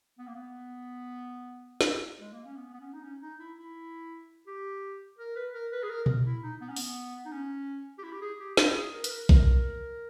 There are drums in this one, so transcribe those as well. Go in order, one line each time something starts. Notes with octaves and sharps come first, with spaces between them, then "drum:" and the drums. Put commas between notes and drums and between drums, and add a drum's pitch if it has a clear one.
B3
A#3
B3
drum: snare
G#3
A#3
C#4
B3
B3
C#4
D#4
C#4
D#4
E4
E4
G4
A#4
B4
A#4
B4
G#4
A#4
drum: tom A#2
E4
D#4
B3
C#4
B3, drum: open hi-hat
D#4
C#4
G4
E4
G4
G#4
G4
E4, drum: snare
G#4
A#4
B4, drum: hi-hat
A#4
A#4, drum: kick B1